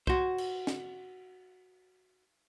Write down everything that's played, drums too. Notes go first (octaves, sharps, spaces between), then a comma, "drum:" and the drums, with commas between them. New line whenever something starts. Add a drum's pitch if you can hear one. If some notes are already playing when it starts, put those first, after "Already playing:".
F#4 C5, drum: kick C2
drum: cymbal
drum: snare